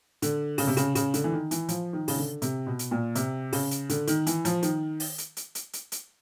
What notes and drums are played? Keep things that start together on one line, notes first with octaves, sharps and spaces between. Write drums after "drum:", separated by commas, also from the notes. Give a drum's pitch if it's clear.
D3, drum: hi-hat
C#3, drum: open hi-hat
C3
C#3, drum: hi-hat
C#3, drum: hi-hat
D3, drum: hi-hat
E3
D#3
E3, drum: hi-hat
F3, drum: hi-hat
D#3
C#3, drum: open hi-hat
D3
C3, drum: hi-hat
B2
drum: hi-hat
A#2
C3, drum: hi-hat
C#3, drum: open hi-hat
drum: hi-hat
D3, drum: hi-hat
D#3, drum: hi-hat
E3, drum: hi-hat
F3, drum: hi-hat
D#3, drum: hi-hat
drum: open hi-hat
drum: hi-hat
drum: hi-hat
drum: hi-hat
drum: hi-hat
drum: hi-hat